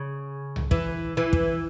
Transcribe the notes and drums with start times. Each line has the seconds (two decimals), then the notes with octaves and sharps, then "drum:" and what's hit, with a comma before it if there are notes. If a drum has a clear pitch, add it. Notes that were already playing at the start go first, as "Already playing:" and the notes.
Already playing: C#3
0.56 drum: tom C2
0.71 E3, drum: kick
1.17 E3
1.33 drum: kick